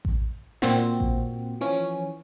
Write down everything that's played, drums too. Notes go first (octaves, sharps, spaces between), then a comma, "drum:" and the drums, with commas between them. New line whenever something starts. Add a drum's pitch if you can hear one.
drum: kick A1
A#2 C4 F#4, drum: snare
drum: kick A1
E3 F3 C#4